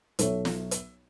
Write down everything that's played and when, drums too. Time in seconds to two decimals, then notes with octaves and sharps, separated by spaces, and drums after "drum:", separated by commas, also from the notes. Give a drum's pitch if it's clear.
0.19 B1 A4 C#5 E5, drum: hi-hat
0.45 drum: snare
0.71 drum: hi-hat